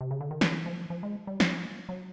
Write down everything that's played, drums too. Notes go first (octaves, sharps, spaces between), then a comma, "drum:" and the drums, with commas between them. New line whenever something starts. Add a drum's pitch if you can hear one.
C3
C#3
D3
D#3
E3, drum: snare
F3
F3
G#3
G3
F3, drum: snare
F#3